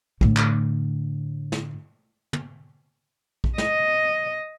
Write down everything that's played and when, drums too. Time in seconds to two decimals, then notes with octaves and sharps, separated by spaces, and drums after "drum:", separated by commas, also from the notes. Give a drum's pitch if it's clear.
0.21 A2 D3, drum: kick A#1
0.37 drum: clap
1.52 drum: snare
2.33 drum: tom
3.44 drum: kick A#1
3.58 D#5, drum: snare